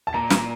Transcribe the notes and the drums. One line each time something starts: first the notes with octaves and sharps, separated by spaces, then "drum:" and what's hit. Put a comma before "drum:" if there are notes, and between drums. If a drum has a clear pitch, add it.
A5
A#2 A#5
drum: snare